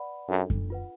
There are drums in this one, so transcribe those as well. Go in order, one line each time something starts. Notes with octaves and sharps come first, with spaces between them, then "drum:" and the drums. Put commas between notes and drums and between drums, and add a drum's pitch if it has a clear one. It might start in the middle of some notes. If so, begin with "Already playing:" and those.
Already playing: B4 D5 F#5 B5
F#2 D4 F4 A4
drum: kick F#2
F4 B4 F#5